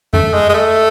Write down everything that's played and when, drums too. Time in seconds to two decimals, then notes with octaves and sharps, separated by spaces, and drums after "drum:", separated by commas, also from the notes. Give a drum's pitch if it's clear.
0.13 A3, drum: tom F2
0.34 G#3
0.49 G#3
0.54 A3